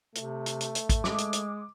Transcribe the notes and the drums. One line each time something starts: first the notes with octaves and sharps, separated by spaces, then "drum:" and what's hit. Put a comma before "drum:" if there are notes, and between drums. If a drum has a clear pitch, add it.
C3 A3, drum: hi-hat
drum: hi-hat
drum: hi-hat
drum: hi-hat
drum: kick, hi-hat
G#3 D6, drum: snare
drum: hi-hat
drum: hi-hat